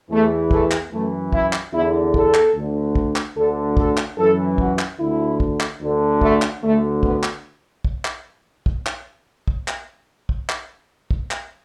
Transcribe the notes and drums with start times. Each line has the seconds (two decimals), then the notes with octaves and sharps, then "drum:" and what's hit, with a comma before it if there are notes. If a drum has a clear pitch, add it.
0.10 E2 E3 A3
0.51 A3, drum: kick
0.71 drum: clap
0.92 F#2 E3 A3
1.33 E4, drum: kick
1.53 drum: clap
1.73 E2 D3 E4
2.14 A4, drum: kick
2.34 drum: clap
2.54 D2 D3
2.95 drum: kick
3.16 drum: clap
3.36 D2 D3 A4
3.77 A4, drum: kick
3.97 drum: clap
4.18 F#2 E3 A4
4.58 F#4, drum: kick
4.79 drum: clap
4.99 D2 D3 E4
5.40 drum: kick
5.60 drum: clap
5.81 D2 D3
6.21 A3, drum: kick
6.42 drum: clap
6.62 D2 D3 A3
7.03 B3, drum: kick
7.23 drum: clap
7.85 drum: kick
8.05 drum: clap
8.66 drum: kick
8.86 drum: clap
9.48 drum: kick
9.68 drum: clap
10.29 drum: kick
10.49 drum: clap
11.11 drum: kick
11.31 drum: clap